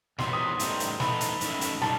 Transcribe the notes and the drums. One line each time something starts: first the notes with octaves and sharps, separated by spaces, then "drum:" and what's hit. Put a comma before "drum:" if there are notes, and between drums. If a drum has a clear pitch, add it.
E2 C3 D#3 F#3 B3 C6, drum: snare
D#6
C6
A2 E3 G3 D#4, drum: hi-hat
drum: hi-hat
E3 A3 D#4 B5, drum: snare
drum: hi-hat
F#2 D#3 A3 E4, drum: hi-hat
drum: hi-hat
D#3 G3 A5, drum: snare